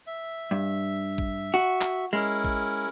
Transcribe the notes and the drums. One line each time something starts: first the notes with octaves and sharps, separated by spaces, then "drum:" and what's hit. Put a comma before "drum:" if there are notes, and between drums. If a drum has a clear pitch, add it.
E5
G2
drum: kick A1
F#4
drum: clap
G#3 C#4 E4 A#4
drum: kick A1